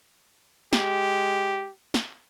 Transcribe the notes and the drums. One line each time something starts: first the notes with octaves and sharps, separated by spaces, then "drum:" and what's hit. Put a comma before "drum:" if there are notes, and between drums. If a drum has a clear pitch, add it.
G#3 G4, drum: snare
drum: snare